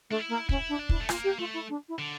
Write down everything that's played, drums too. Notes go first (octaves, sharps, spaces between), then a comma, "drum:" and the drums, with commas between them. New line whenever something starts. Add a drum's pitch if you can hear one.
A3 D4
E4
A#3
C#4 E4, drum: kick
D4
D4
E4, drum: kick
A3
A#3 F4, drum: rim click
G4
A3 F4
E4
D4
E4
D3